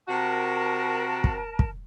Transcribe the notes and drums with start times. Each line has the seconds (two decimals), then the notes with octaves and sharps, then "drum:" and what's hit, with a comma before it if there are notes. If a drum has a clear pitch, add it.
0.08 C3 F#4 A#4 A5
1.24 drum: kick
1.59 drum: kick